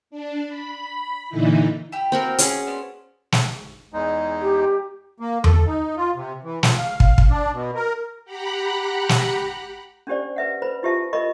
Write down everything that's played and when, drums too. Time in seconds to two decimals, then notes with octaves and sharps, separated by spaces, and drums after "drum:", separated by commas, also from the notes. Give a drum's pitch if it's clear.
0.10 D4
0.49 B5
1.29 A#2 D3 E3 D#4 E4
1.92 E4 G4
2.12 C4 F#4 A#4
2.38 C#4 G#4, drum: hi-hat
2.67 B3 C4 D4
3.32 drum: snare
3.93 E2 G#3 D#4
4.41 G4
5.20 A#3
5.44 A4, drum: tom E2
5.66 D#4
5.97 F4
6.15 C3
6.44 E3
6.63 F3, drum: snare
6.78 F5
7.00 drum: kick
7.18 drum: kick
7.30 D4
7.54 B2
7.75 A#4
8.25 G4 F#5 A#5 B5 F#6
9.09 drum: snare
10.07 C#4 D4 G4 C5 D5
10.36 B4 E5 F#5
10.62 B4 C5 B5
10.83 E4 F4 G4 C5 E5 A5
11.13 A#4 D#5 E5 B5 C#6